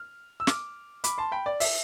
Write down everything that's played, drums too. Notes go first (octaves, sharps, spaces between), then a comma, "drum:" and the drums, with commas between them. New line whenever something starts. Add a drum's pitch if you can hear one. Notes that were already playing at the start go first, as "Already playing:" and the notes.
Already playing: F6
E6
D6 F6, drum: snare
B5 D6, drum: hi-hat
A5 C6
G5 B5
D5
E5, drum: open hi-hat